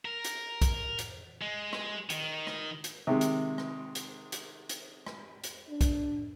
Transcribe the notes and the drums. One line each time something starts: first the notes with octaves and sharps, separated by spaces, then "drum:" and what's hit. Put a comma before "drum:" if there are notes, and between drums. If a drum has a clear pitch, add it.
A#4
drum: hi-hat
drum: kick B1, hi-hat
drum: hi-hat
G#3
drum: rim click
D#3, drum: hi-hat
drum: rim click
drum: hi-hat
C3 D#3 G#3
drum: hi-hat
drum: rim click
drum: hi-hat
drum: hi-hat
drum: hi-hat
drum: rim click
drum: hi-hat
D4
drum: kick B1, hi-hat